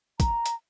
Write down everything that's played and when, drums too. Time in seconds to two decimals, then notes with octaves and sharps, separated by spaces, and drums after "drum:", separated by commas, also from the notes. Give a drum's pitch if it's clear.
0.20 A#5, drum: kick, hi-hat
0.46 drum: hi-hat